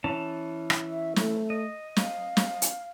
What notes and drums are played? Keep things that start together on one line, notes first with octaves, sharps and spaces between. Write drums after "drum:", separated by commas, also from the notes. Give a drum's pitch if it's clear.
E3 C#4 A5
drum: rim click
E5
A3, drum: snare
D#5
F5, drum: snare
drum: snare
drum: hi-hat